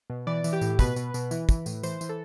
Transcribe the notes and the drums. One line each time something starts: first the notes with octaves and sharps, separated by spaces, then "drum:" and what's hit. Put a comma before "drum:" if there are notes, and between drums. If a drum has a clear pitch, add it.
B2
E3 D5
E3, drum: tambourine
G4
A2, drum: tambourine
B2 B4, drum: kick, tambourine
B2, drum: tambourine
B2, drum: tambourine
E3, drum: tambourine
E3, drum: kick, tambourine
A2, drum: tambourine
E3 C5, drum: tambourine
E3, drum: tambourine
A4